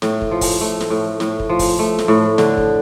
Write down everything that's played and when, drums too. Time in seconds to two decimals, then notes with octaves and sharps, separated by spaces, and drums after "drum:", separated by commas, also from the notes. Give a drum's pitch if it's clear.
0.02 A2, drum: snare
0.22 drum: kick
0.31 F3
0.41 drum: kick, open hi-hat
0.61 A3
0.81 drum: snare
0.90 A2
1.20 A2, drum: snare
1.40 drum: kick
1.49 F3
1.59 drum: kick, open hi-hat
1.79 A3
1.99 drum: snare
2.08 A2
2.38 D3, drum: snare
2.58 drum: kick